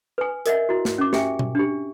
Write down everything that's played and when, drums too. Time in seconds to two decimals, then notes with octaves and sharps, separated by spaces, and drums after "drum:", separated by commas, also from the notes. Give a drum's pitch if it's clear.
0.18 B4 G#5
0.46 A#4 D#5 E5 F#5, drum: hi-hat
0.69 E4 F#4
0.85 drum: snare
0.98 C#4 D6
1.13 G4 E5 G5 G#5, drum: snare
1.39 drum: tom B2
1.55 D4 G4